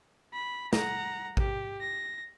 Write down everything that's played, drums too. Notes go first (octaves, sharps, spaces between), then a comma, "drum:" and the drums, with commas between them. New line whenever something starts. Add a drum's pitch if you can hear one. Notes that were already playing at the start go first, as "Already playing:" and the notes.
B5
F#5 A#5, drum: snare
G4, drum: kick A1
A#6